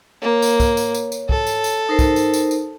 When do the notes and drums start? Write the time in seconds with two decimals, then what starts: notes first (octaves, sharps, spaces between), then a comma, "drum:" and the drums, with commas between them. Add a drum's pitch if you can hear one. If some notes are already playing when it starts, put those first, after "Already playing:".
0.22 A#3 C#5
0.42 drum: tambourine
0.60 drum: kick, tambourine
0.77 drum: tambourine
0.94 drum: tambourine
1.12 drum: tambourine
1.29 A4, drum: kick
1.47 drum: tambourine
1.64 drum: tambourine
1.89 D#4 A#4 C5
1.99 drum: kick, tambourine
2.16 drum: tambourine
2.34 drum: tambourine
2.51 drum: tambourine